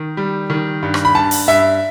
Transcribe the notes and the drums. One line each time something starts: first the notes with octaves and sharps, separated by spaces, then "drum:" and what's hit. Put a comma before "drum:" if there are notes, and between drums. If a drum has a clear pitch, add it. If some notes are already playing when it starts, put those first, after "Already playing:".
Already playing: D#3
G3
D#3
G2
drum: rim click
B5
G2 A5
drum: open hi-hat
G2 E5